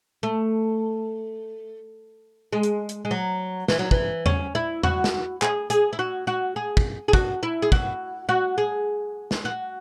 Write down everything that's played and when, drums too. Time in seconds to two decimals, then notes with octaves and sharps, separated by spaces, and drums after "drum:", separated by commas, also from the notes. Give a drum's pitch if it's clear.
0.23 A3
2.53 G#3
2.63 drum: hi-hat
2.89 drum: hi-hat
3.05 G#3
3.11 F#3
3.68 E3, drum: snare
3.79 F#3
3.91 E3, drum: kick
4.26 C#4, drum: tom E2
4.55 E4
4.83 F#4, drum: tom E2
5.04 drum: snare
5.42 G#4, drum: clap
5.70 G#4, drum: hi-hat
5.93 E4
5.99 F#4
6.27 F#4
6.56 G#4
6.77 drum: kick
7.08 G#4
7.13 F#4, drum: kick
7.43 E4
7.62 G#4
7.72 F#4, drum: kick
8.29 F#4
8.58 G#4
9.31 drum: snare
9.45 F#4